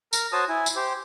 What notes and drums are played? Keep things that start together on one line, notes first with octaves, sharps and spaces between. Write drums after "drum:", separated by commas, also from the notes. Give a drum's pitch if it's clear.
A#4 A#5, drum: tambourine
F#4 C5 C#5 A5 D#6
E4 G#5
drum: tambourine
G4 C5